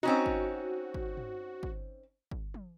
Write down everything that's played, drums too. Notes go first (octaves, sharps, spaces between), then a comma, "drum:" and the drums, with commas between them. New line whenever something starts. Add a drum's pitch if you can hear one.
C4 C#4 D#4 F#4
drum: kick
drum: kick
drum: tom
drum: kick
drum: kick
drum: tom